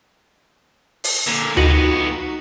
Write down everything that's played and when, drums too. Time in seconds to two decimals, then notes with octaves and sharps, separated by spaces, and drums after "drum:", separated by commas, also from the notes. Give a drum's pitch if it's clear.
1.04 drum: open hi-hat
1.27 A#2 D3
1.57 F2 B3 D#4 F#4, drum: tom D2